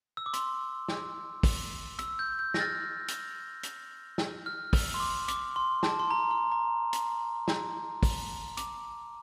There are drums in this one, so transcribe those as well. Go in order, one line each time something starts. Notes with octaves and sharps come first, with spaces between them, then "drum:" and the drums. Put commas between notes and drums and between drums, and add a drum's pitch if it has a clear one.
E6
D6
C6, drum: hi-hat
drum: snare
drum: kick, open hi-hat
E6, drum: hi-hat
G6
G6
A#6, drum: snare
F6 A6
drum: hi-hat
drum: hi-hat
drum: snare
F6
E6, drum: kick, open hi-hat
C6
D6
D6, drum: hi-hat
C6
A5, drum: snare
C6
A#5
C6
A#5
drum: hi-hat
drum: snare
drum: kick, open hi-hat
D6, drum: hi-hat